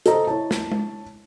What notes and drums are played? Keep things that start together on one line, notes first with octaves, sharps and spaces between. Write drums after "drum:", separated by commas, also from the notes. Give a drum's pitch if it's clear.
A4 C5 D#5 A#5, drum: hi-hat
E4 C#5 A5
drum: snare
drum: tom G#3